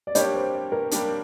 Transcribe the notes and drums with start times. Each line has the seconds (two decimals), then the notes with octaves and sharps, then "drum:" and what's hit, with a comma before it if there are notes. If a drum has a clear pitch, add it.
0.07 D5
0.15 G3 A#3 D4 G4 C#5, drum: hi-hat
0.34 C5
0.72 A#4
0.91 G3 A#3 D4 G4, drum: hi-hat